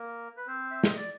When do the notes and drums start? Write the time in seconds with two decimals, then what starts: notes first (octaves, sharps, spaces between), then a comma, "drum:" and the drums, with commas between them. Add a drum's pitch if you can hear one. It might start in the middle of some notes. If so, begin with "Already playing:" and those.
Already playing: A#3 A#4
0.37 B4
0.47 C4 C5
0.71 E5
0.84 D#5, drum: snare
0.97 D5